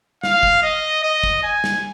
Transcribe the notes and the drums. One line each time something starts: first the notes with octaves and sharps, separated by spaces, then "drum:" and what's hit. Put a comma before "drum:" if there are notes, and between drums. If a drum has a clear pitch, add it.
F5, drum: snare
drum: kick
D#5
D#5
drum: kick
G#5
drum: snare